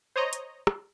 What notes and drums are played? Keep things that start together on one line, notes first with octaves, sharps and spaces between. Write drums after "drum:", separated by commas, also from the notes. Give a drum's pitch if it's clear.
C5 C#5 D#5 A#5
drum: hi-hat
drum: rim click